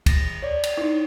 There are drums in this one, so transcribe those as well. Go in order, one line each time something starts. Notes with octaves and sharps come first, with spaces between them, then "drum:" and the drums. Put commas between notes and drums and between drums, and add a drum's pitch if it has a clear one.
A6 A#6, drum: kick D2, cymbal
C#5 D5
drum: cymbal
D#4 E4